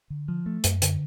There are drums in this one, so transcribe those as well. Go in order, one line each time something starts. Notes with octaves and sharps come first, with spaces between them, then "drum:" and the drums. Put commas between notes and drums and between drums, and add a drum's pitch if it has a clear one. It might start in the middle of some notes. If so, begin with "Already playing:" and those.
D3
F3
A3
F#2, drum: hi-hat
D3, drum: hi-hat